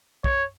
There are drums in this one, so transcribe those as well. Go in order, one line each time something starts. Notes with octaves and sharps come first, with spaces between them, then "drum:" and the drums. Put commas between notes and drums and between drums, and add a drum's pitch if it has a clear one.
C#5, drum: kick